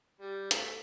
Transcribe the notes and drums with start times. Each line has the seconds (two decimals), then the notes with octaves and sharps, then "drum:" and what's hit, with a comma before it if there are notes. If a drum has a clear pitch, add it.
0.21 G3
0.51 A3, drum: hi-hat